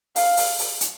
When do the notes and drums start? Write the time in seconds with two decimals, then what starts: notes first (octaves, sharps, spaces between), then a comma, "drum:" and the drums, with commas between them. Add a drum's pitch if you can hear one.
0.16 F5, drum: open hi-hat
0.37 drum: open hi-hat
0.59 drum: open hi-hat
0.81 drum: hi-hat